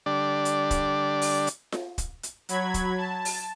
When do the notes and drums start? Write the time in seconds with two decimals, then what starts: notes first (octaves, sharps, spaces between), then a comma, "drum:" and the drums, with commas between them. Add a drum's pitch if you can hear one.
0.06 D3 G3 D4 D5
0.45 drum: hi-hat
0.71 drum: kick, hi-hat
1.22 drum: open hi-hat
1.47 drum: hi-hat
1.72 drum: snare F4
1.98 drum: kick, hi-hat
2.23 drum: hi-hat
2.49 F#3 B5 G#6, drum: hi-hat
2.74 drum: kick, hi-hat
2.97 A5
3.25 drum: open hi-hat